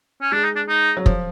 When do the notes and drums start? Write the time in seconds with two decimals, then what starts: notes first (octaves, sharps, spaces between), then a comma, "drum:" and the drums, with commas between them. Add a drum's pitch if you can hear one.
0.21 C#4
0.32 G#3 D4
0.44 D#4
0.56 D4
0.69 D#4
0.97 F#3
1.06 F3, drum: kick